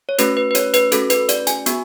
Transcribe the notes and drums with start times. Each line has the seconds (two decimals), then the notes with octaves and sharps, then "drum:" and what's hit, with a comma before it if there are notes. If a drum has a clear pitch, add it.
0.09 C#5
0.18 A3 C#4 F#4 B4, drum: hi-hat
0.37 B4
0.51 B4
0.55 C#5, drum: hi-hat
0.74 B4, drum: hi-hat
0.92 A3 C#4 F#4 A4, drum: hi-hat
1.10 B4, drum: hi-hat
1.29 D5, drum: hi-hat
1.47 G#5, drum: hi-hat
1.66 B3 F#4, drum: hi-hat